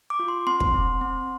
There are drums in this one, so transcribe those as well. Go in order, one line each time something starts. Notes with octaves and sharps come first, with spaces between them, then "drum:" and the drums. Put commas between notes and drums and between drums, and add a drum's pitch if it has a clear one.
D6
F4
C6
C4 C6
drum: kick
C4
C4